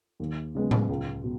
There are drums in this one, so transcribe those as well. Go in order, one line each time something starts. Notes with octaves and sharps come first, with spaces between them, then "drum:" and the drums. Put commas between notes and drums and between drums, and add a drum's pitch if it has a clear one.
D#2
C#3 G#3 B3
drum: tom A2
C#2
B2